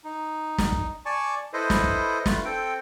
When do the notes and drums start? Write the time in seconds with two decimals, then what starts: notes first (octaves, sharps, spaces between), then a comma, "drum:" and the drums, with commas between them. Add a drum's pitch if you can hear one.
0.04 D#4
0.58 drum: snare
0.72 drum: kick
1.06 D5 G#5 A5 C#6
1.53 E4 A4 B4 C5 D#5
1.70 drum: snare
1.84 drum: kick
2.26 A3 F4 B4, drum: snare
2.45 C4 A4 G5